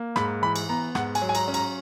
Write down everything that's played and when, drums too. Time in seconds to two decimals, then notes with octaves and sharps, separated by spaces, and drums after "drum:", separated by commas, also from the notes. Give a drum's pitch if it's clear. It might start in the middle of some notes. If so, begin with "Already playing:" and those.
Already playing: A#3
0.16 G#2 B5, drum: rim click
0.42 E3 B5
0.56 drum: cymbal
0.69 B3 A#5
0.95 G#2 F#5, drum: rim click
1.15 G#5, drum: cymbal
1.22 F#3
1.29 G#5
1.35 A#5, drum: cymbal
1.48 C#4
1.54 A#5, drum: cymbal